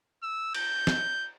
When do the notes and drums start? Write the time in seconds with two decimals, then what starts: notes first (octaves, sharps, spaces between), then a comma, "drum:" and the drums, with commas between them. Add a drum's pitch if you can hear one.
0.23 E6
0.54 G6, drum: cymbal
0.87 drum: snare